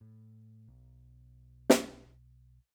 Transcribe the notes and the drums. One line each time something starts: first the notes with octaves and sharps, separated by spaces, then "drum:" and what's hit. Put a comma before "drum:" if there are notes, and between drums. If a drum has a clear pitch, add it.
A2
B1
drum: snare